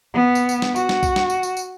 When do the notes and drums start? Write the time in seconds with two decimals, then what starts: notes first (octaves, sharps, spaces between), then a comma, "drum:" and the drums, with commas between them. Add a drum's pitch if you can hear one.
0.14 B3
0.35 drum: tambourine
0.49 drum: tambourine
0.62 drum: snare
0.76 F#4, drum: tambourine
0.89 drum: snare
1.03 drum: kick B1, tambourine
1.16 drum: snare
1.30 drum: tambourine
1.43 drum: tambourine
1.57 drum: tambourine